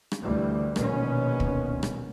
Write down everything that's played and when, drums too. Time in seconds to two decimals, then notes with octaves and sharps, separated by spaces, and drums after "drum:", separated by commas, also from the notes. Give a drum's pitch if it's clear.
0.12 drum: rim click
0.22 D2 E3 G3
0.76 A#1 B2 D#3 B3 C#4, drum: rim click
1.40 drum: kick
1.83 drum: rim click